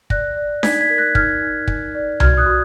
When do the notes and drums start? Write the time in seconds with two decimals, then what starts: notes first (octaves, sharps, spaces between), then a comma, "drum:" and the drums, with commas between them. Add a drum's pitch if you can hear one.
0.10 D5 F#6 A#6, drum: kick
0.36 D5
0.63 D#4 G#6 B6, drum: snare D4
0.81 G#6 B6
0.90 A#4
0.98 F#6 A#6
1.15 D#4 F6 G#6, drum: kick
1.42 D#4
1.68 D#4, drum: kick
1.95 D5
2.20 F#4 F6 G#6, drum: tom C2
2.37 D#6 F#6
2.46 F#4